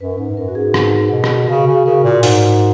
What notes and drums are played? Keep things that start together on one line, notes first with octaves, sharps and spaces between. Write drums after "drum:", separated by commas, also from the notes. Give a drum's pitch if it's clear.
F#2 B4
G#2 B4
F#2 A#4
F#4
G#2 G#4
G#2, drum: rim click
B2
drum: rim click
C#3 F#4
C#3
C#3 A#4
A#2
G#2, drum: open hi-hat